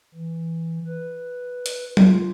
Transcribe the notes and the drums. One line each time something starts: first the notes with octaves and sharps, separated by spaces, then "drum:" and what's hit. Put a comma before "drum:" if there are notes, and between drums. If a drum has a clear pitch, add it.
E3
B4
drum: hi-hat
F4, drum: tom F#3